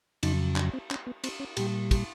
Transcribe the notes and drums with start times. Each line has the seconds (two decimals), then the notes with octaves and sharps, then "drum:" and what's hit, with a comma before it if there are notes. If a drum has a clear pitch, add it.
0.23 F2 C#3 F#3 D#4, drum: cymbal
0.56 D4, drum: clap
0.73 C4
0.91 C#4, drum: clap
1.07 B3
1.24 C4, drum: cymbal
1.40 C#4
1.57 A#2 G3 G4, drum: cymbal
1.91 G4, drum: kick, cymbal